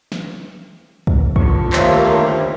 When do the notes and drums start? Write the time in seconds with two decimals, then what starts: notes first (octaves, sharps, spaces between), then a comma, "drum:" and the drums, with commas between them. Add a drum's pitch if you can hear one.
0.12 drum: snare
1.07 drum: kick
1.36 D3 F3 B3 C#6, drum: kick
1.73 D#2 G3 A3 A#3 C5 D#5 E5, drum: clap